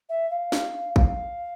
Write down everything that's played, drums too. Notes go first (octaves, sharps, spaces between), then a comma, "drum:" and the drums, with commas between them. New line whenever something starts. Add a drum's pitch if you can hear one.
E5
F5
drum: snare
F5, drum: kick